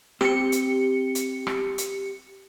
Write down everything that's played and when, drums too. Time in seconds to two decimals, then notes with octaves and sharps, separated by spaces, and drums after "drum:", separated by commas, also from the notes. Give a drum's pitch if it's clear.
0.21 C4 G4 C#7, drum: rim click
0.52 drum: hi-hat
1.15 drum: hi-hat
1.47 drum: rim click
1.78 drum: hi-hat